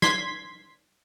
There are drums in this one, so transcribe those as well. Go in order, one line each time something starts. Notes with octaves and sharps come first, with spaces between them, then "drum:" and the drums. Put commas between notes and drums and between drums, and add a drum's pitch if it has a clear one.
C6 G#6 B6, drum: snare